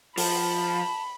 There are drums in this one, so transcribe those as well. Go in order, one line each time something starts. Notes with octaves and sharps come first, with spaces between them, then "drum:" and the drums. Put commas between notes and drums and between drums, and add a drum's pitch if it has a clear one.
F3 A5 B5, drum: open hi-hat